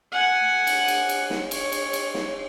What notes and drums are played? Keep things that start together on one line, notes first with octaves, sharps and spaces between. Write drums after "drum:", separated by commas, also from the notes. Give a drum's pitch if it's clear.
F#5 G#5
drum: cymbal
drum: cymbal
drum: cymbal
drum: snare
C#5, drum: cymbal
drum: cymbal
drum: cymbal
drum: snare